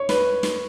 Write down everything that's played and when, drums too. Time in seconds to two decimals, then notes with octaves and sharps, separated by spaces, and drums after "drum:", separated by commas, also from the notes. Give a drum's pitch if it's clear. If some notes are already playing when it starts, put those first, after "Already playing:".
Already playing: C#5
0.09 B4, drum: snare
0.43 drum: snare